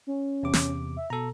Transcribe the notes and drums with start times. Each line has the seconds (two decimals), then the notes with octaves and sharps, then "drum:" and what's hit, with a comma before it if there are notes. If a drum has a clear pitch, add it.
0.07 C#4
0.43 E2 C3 D6
0.53 drum: snare
0.97 E5
1.10 B2 A4 A#5